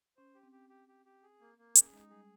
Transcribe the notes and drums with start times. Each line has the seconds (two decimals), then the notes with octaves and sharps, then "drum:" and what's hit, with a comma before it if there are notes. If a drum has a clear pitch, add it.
0.17 C#4 C5
0.35 G4
0.43 C4
0.52 G4
0.69 G4
0.88 G4
1.06 G4
1.23 G#4
1.41 A#3
1.58 A#3
1.75 C#4 G#4, drum: hi-hat
1.93 G#3 D#4
2.10 G3 G#4